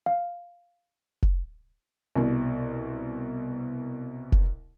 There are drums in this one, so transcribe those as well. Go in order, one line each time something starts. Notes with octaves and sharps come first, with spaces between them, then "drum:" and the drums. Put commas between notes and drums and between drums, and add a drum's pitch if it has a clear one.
F5
drum: kick F1
C2 B2
drum: kick F1